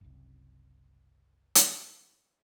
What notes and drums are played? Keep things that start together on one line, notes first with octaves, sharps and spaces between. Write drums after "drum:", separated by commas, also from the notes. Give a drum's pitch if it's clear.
F#1 C2
drum: hi-hat